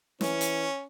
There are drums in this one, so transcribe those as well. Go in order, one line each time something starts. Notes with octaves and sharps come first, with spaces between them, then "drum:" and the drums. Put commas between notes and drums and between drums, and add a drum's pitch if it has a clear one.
E3 C#4, drum: snare
drum: hi-hat